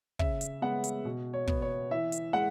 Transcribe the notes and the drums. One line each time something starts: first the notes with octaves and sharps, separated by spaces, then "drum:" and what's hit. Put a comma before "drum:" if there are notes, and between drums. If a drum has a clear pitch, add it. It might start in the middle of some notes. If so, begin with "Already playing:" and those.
C#3 E5, drum: kick
drum: hi-hat
G#3 B3 F#5
drum: hi-hat
B2
C#5
B3, drum: kick
C#5
E3 E5
drum: hi-hat
G#3 F#5